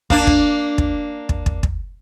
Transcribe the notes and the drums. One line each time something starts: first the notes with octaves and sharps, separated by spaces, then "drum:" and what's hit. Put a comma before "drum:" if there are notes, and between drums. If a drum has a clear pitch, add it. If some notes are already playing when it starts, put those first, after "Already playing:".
A#3 D4, drum: kick
drum: kick
drum: kick
drum: kick
drum: kick
drum: kick